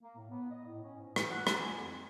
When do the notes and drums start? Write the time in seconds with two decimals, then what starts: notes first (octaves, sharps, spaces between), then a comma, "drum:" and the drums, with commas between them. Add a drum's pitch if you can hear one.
0.02 A#3
0.17 A2
0.30 B3
0.51 D#5
0.65 A2
0.82 C#4
0.96 G#2
1.16 E3, drum: rim click
1.31 F#5
1.47 drum: rim click
1.59 G#5
1.72 F2